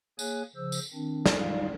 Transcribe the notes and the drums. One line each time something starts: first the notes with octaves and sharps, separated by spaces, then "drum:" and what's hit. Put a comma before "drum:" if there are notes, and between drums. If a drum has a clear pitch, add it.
A#3 G#4 C#5 G#5 F#6, drum: tambourine
C#3 F3 C5 E6
drum: tambourine
D#3 C4 D4
drum: snare
G3 D#4 F4 D5 F5